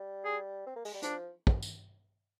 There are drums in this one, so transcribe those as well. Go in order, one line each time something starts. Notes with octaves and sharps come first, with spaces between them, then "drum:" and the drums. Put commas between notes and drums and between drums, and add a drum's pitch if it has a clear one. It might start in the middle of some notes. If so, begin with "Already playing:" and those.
Already playing: G3
G#4
C4
A#3
G#3, drum: open hi-hat
G3
F3 D4, drum: hi-hat
drum: kick
drum: tambourine